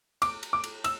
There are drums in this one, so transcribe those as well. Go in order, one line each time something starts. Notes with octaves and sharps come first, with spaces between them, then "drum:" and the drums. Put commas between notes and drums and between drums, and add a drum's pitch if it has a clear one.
D6, drum: cymbal
drum: cymbal
D6
drum: cymbal
E6, drum: cymbal